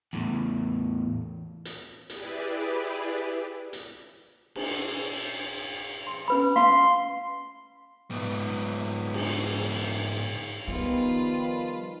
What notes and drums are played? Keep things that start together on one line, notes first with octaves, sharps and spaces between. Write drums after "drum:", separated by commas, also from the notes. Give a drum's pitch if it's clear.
E2 A2
drum: hi-hat
E4 G4 G#4 B4 D5, drum: hi-hat
drum: hi-hat
drum: cymbal
C6
C#4 B4 B5
F5 C6, drum: snare
G#2 B3
drum: cymbal
D#3 F3 G3 B3 F4 B4